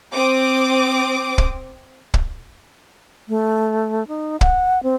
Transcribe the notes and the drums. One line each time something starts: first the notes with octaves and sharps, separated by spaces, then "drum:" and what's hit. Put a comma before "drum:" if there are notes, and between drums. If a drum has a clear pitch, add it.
C4 D6 D#6
drum: kick
drum: kick
A3
D#4
F#5, drum: kick
C4